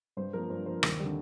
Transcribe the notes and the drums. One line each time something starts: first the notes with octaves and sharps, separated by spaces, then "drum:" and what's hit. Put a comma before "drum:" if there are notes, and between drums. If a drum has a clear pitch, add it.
G2 C5
F3 A#3 A#4
G2 C5
F3 A#3 C5
D#2, drum: rim click
D3 G3